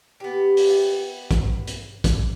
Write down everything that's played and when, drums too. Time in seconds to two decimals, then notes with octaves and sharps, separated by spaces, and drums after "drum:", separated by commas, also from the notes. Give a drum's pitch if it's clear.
0.20 B3 G4
0.57 drum: open hi-hat
1.31 drum: kick, hi-hat
1.67 drum: hi-hat
2.04 drum: kick, hi-hat